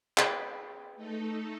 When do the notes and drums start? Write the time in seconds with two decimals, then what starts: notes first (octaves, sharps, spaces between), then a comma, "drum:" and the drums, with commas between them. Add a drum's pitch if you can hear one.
0.18 G#4 B4 G5, drum: clap
0.96 A3 D#4 A4